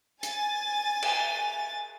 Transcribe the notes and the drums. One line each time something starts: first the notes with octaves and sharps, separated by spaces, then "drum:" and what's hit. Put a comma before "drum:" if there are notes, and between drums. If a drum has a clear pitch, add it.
G#5 A6, drum: hi-hat
drum: cymbal